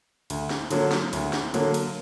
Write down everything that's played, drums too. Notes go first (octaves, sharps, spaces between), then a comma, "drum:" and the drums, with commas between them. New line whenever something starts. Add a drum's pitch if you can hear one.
D2, drum: cymbal
drum: snare
D3 F#3 A#3, drum: cymbal
drum: snare
D2, drum: cymbal
drum: snare
D3 F#3 A#3, drum: cymbal
drum: cymbal